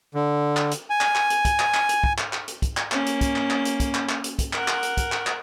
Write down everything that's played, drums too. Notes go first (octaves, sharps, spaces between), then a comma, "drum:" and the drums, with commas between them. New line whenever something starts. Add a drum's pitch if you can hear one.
D3
drum: clap
drum: hi-hat
G#5
drum: clap
drum: clap
drum: hi-hat
drum: kick, hi-hat
drum: clap
drum: clap
drum: hi-hat
drum: kick
drum: clap
drum: clap
drum: hi-hat
drum: kick, hi-hat
drum: clap
A#3 C#4, drum: clap
drum: hi-hat
drum: kick, hi-hat
drum: clap
drum: clap
drum: hi-hat
drum: kick, hi-hat
drum: clap
drum: clap
drum: hi-hat
drum: kick, hi-hat
A#4 F#5, drum: clap
drum: clap
drum: hi-hat
drum: kick, hi-hat
drum: clap
drum: clap